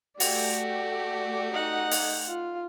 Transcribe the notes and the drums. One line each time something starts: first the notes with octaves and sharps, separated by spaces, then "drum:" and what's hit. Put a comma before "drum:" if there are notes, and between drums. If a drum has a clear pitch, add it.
A3 F#4 G4 D5, drum: open hi-hat
D#4 F#5
drum: open hi-hat
F4